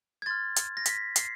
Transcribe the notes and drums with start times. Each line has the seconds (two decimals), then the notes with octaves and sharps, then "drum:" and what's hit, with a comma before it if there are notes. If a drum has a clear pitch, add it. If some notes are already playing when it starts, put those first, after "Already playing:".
0.22 G#6
0.26 C6 F6 A6
0.56 drum: hi-hat
0.77 A#6
0.86 B6, drum: hi-hat
1.16 C7, drum: hi-hat